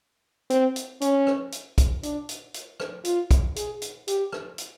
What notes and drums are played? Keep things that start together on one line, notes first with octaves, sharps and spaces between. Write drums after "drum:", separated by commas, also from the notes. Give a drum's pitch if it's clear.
C4, drum: hi-hat
drum: hi-hat
C#4, drum: hi-hat
drum: rim click
drum: hi-hat
drum: kick, hi-hat
D4, drum: hi-hat
drum: hi-hat
drum: hi-hat
drum: rim click
F4, drum: hi-hat
drum: kick, hi-hat
G#4, drum: hi-hat
drum: hi-hat
G4, drum: hi-hat
drum: rim click
drum: hi-hat